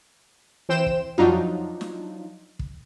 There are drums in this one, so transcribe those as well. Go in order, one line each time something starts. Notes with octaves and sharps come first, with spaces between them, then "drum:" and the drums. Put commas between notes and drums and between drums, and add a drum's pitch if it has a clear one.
E3 C4 C5 G5 E7
drum: kick
F3 F#3 D4 D#4 F4, drum: tom F2
drum: snare
drum: kick